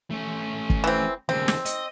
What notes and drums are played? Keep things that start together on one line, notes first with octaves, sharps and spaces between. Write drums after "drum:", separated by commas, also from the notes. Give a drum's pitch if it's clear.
A3 C#4
drum: kick
E3 C4
D#2 C#3 C4
drum: snare
D#5, drum: hi-hat